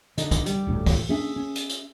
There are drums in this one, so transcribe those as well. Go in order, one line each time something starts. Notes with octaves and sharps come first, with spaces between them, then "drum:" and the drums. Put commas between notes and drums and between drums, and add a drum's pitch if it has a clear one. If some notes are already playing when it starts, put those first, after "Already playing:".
D3 D4 D#4, drum: hi-hat
drum: kick, hi-hat
G3, drum: hi-hat
D#1 D2 A2
drum: kick, open hi-hat
A#3 C#4 D4 G#4 E5 G#5
C#4
drum: hi-hat
drum: hi-hat